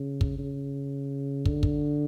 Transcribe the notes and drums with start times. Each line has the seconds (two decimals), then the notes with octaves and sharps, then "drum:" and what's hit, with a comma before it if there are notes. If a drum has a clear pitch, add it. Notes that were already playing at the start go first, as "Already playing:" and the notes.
Already playing: C#3
0.21 drum: kick
0.38 C#3
1.45 D3, drum: kick
1.63 drum: kick